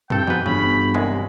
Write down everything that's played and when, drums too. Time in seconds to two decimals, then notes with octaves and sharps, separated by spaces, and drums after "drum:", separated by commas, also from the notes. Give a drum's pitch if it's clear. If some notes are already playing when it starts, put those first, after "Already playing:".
0.10 C2 G2 A4 G5, drum: tom
0.27 G#2 B2 F3 B4
0.46 G1 G2 C#3 E3 B5
0.94 C2 F#2 G#3